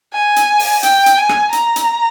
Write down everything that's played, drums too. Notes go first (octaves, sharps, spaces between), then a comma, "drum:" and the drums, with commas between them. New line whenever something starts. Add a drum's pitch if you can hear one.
G#5
drum: hi-hat
drum: open hi-hat
G5, drum: hi-hat
drum: hi-hat
G#5
drum: rim click
A#5, drum: hi-hat
drum: hi-hat